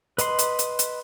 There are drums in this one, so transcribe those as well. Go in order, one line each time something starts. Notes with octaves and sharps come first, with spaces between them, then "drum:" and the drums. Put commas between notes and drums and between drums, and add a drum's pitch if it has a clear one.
B4 D#5 B5 C6, drum: hi-hat
drum: hi-hat
drum: hi-hat
drum: hi-hat